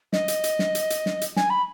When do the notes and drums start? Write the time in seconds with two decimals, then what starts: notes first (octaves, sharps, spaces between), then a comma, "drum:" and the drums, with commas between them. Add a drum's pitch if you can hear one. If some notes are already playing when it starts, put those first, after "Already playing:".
0.13 D#5, drum: snare
0.28 drum: hi-hat
0.44 drum: hi-hat
0.59 drum: snare
0.75 drum: hi-hat
0.90 drum: hi-hat
1.06 drum: snare
1.21 drum: hi-hat
1.36 G#5, drum: snare
1.50 B5